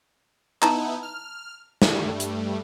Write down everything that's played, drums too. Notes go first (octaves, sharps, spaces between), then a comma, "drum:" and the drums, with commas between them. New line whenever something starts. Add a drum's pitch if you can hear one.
B3 D#4 E4 A5 A#5, drum: clap
F6
G2 G3 A3, drum: snare
drum: hi-hat